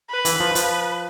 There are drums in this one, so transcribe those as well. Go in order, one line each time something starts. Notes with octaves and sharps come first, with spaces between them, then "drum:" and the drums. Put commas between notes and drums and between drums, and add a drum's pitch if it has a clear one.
B4
E3, drum: hi-hat
F3
F3, drum: hi-hat